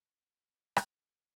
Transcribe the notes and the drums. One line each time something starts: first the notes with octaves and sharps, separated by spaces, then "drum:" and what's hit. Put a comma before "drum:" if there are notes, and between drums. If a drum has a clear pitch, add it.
F#2 F3 A3 C#4 F#4
F#2 F3 A3 C#4 F#4
drum: rim click
F3 A3 F4